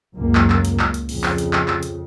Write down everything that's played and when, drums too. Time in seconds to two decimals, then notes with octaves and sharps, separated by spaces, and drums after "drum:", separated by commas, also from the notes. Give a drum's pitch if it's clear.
0.14 C#2 F#2 A#3
0.35 drum: clap
0.50 drum: clap
0.65 drum: hi-hat
0.79 drum: clap
0.94 drum: hi-hat
1.09 F2 C#3, drum: open hi-hat
1.24 drum: clap
1.38 drum: hi-hat
1.53 drum: clap
1.68 drum: clap
1.83 drum: hi-hat